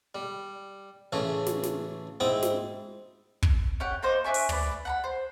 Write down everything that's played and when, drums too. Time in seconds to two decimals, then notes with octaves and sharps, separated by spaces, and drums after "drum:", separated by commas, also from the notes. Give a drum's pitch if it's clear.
0.15 G3
1.12 A1 C#3 A3 G#4
1.46 drum: snare
1.63 drum: snare
2.20 G#2 C4 E4 G5 D#6
2.42 drum: snare
3.42 drum: kick
3.80 C#4 G4 F#5
4.03 A#3 D#4 C5
4.24 D4 E5 G#5 C#6
4.34 drum: open hi-hat
4.49 B4 D5, drum: tom
4.85 F#5 A#5 B5
5.04 C5